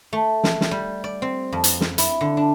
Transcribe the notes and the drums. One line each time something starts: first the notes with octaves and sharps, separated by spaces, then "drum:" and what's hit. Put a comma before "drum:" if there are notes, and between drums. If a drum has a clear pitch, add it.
A3
drum: snare
drum: snare
G3
D5
C4
F2
drum: hi-hat
drum: snare
E4, drum: hi-hat
D3
D4